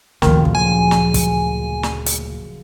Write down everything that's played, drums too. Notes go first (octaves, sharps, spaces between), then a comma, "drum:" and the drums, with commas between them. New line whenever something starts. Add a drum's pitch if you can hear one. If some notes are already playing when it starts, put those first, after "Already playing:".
F#1 D2 A#2 D#3 F3, drum: snare
drum: kick
C#3 G#5 G#6
drum: snare
drum: kick, hi-hat
drum: snare
drum: hi-hat